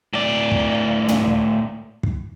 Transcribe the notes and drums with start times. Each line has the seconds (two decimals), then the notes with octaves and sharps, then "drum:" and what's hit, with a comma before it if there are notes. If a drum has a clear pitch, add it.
0.13 A2 D5
0.51 drum: kick
1.08 drum: tom
1.27 drum: kick
2.03 drum: kick